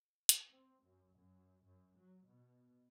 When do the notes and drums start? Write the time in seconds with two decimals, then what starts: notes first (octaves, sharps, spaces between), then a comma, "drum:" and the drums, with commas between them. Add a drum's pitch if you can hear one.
0.29 drum: hi-hat
0.49 C4
0.83 F#2
1.17 F#2
1.66 F#2
1.97 F#3
2.28 B2